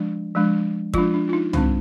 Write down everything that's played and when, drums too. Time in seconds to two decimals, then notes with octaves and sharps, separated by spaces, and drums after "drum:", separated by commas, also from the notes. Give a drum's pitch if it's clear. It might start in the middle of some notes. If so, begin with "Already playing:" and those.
Already playing: F3 G#3 D4
0.35 F3 G#3 D4
0.94 F3 G#3 D4 F4, drum: kick
1.14 D4
1.29 F4
1.33 D#4
1.53 D#3 G#3 C4 D4, drum: tom C2